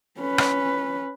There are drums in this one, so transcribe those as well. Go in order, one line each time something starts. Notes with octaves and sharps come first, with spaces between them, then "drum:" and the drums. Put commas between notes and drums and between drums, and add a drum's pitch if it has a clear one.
C#4 B4
drum: rim click